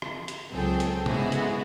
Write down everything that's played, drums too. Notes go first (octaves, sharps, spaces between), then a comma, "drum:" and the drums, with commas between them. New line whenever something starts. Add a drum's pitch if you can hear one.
drum: rim click
drum: hi-hat
C#2 F#3 C4 G#4 A4 G5
drum: hi-hat
C#3 G#3 B3 E4 F#4 G#4, drum: tom B2
drum: hi-hat